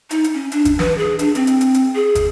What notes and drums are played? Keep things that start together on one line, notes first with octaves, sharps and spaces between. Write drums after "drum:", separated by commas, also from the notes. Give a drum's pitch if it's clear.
D#4, drum: hi-hat
drum: hi-hat
C#4
D4, drum: hi-hat
drum: kick, hi-hat
B4, drum: snare
G#4
D4, drum: hi-hat
C4, drum: hi-hat
drum: hi-hat
drum: hi-hat
drum: hi-hat
G#4
drum: kick, hi-hat